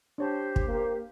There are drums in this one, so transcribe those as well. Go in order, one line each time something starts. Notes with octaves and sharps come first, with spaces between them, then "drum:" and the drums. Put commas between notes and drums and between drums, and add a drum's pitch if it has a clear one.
D4 G4 C5 C#5 A5
drum: kick
A#3